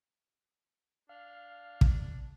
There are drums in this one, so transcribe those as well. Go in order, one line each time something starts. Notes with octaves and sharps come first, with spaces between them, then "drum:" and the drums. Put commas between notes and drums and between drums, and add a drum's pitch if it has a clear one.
D4 F5
drum: kick